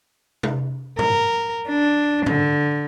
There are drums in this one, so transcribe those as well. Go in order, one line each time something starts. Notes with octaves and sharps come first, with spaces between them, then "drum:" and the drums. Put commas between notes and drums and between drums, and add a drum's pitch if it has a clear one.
drum: tom
A#4, drum: tom G#2
D4
D3, drum: tom G#2